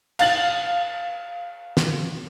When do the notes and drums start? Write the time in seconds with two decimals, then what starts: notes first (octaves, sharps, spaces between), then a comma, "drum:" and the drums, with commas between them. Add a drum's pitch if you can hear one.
0.19 F5 A6 F#7, drum: cymbal
1.77 drum: snare